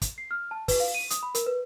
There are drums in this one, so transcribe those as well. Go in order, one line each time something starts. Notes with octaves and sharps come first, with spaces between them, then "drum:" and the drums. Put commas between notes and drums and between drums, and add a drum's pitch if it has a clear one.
drum: kick, hi-hat
C7
F6
A5
B4, drum: kick, open hi-hat
F5
D#7
D#6, drum: hi-hat
B5
A#4, drum: hi-hat
B4